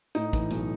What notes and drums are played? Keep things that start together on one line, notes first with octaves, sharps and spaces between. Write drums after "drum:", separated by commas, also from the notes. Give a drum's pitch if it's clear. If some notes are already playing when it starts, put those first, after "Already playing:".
A2 D#4, drum: hi-hat
E3, drum: kick, hi-hat
B1, drum: hi-hat